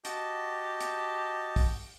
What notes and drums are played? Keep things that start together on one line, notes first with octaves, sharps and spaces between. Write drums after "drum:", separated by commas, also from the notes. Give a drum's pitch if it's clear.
F#4 G4 D#5 A5, drum: hi-hat
drum: hi-hat
drum: kick, open hi-hat